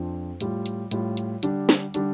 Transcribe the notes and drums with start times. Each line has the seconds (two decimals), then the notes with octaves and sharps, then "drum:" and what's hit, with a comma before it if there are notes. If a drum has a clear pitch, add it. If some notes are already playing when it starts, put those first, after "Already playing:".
Already playing: F2 F3 D4 F4
0.40 A2 G3 F4, drum: hi-hat
0.66 drum: hi-hat
0.91 A2 G3 F4, drum: hi-hat
1.17 drum: hi-hat
1.43 D3 G3 D4, drum: hi-hat
1.69 drum: snare
1.94 D3 G3 D4, drum: hi-hat